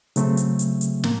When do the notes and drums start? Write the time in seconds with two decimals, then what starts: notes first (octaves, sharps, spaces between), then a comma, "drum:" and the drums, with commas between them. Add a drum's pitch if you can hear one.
0.16 C#3 F#3 A3 C4, drum: hi-hat
0.37 drum: hi-hat
0.59 drum: hi-hat
0.81 drum: hi-hat
1.04 A2 F3 A#3, drum: snare